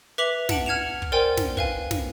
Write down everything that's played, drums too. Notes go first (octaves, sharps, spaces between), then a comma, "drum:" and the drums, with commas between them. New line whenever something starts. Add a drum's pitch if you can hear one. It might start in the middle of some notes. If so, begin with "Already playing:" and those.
B4 E5 D6 B6 F7 F#7
F#5 A5 D7 F#7, drum: snare
F6 G#6 C#7 E7 F7
drum: kick
A#4 C5 D5 G5 G#5 C6
drum: snare
B4 F5 G#5, drum: kick
drum: snare